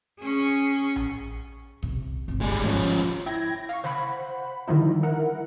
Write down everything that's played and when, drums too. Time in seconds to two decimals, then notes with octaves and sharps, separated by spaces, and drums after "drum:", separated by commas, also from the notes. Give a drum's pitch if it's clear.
0.20 C#4 G#4
0.96 drum: tom A#1
1.82 C2, drum: kick G1
2.28 G#1 C4
2.41 G1 G#2 G3 G#3
2.65 G#2 D#3 F3 C#4
3.26 E4 G5 G#6 A#6
3.69 F5 C#6, drum: hi-hat
3.84 C5 F#5 B5, drum: snare
4.67 D3 D#3 F3 G3 D#4 E4
5.03 E4 A#4 F#5